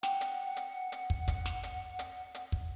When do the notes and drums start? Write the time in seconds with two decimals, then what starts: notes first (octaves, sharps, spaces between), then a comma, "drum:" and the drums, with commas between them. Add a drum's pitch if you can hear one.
0.03 F#5 G5, drum: snare
0.21 drum: hi-hat
0.56 drum: hi-hat
0.92 drum: hi-hat
1.10 drum: kick
1.28 drum: kick, hi-hat
1.46 drum: snare
1.63 drum: hi-hat
1.99 drum: hi-hat
2.35 drum: hi-hat
2.52 drum: kick